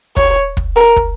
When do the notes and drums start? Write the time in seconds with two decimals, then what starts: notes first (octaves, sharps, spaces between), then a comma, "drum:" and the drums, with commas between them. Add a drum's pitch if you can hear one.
0.17 C#5, drum: kick
0.57 drum: kick
0.76 A#4
0.96 drum: kick